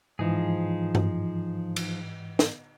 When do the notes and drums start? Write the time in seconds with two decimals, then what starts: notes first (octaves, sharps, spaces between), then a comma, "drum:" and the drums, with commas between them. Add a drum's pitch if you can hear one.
0.19 G#2 E3 F3 D#4 G#4
0.95 drum: tom G2
1.76 drum: cymbal
2.39 drum: snare